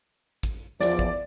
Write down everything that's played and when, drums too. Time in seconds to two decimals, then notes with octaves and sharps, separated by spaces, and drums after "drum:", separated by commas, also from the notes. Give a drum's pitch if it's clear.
0.43 drum: kick, hi-hat
0.80 E2 F3 D5, drum: snare
0.99 drum: kick